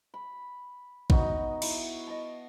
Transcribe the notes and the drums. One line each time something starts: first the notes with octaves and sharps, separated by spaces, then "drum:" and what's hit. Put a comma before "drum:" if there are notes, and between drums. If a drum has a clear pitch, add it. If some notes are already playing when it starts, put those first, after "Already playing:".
B5
B3 D#4 F#4, drum: kick A1
E4, drum: cymbal
D#5 A5